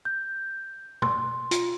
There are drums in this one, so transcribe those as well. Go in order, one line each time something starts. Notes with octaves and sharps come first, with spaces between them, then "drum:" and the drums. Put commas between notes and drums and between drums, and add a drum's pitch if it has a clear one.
G6
C6, drum: tom
F4, drum: hi-hat